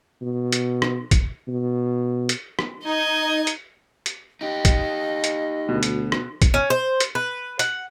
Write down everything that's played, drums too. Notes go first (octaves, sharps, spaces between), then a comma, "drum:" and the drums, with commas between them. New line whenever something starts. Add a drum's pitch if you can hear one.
B2
drum: hi-hat
drum: rim click
drum: kick, hi-hat
B2
drum: hi-hat
drum: rim click
D#4 D#5 G#6
drum: hi-hat
drum: hi-hat
D#4 G4 D#5
drum: kick, hi-hat
drum: hi-hat
D2 B2
drum: hi-hat
drum: rim click
drum: kick, hi-hat
C#4
C5
drum: hi-hat
B4
F#5, drum: hi-hat